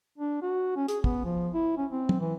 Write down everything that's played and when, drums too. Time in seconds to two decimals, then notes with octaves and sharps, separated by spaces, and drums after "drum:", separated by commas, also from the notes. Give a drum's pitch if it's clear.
0.18 D4
0.42 F#4
0.76 C#4
0.88 G#4, drum: hi-hat
1.04 B3, drum: kick
1.25 F3
1.54 E4
1.77 C#4
1.91 C4
2.09 drum: tom
2.20 E3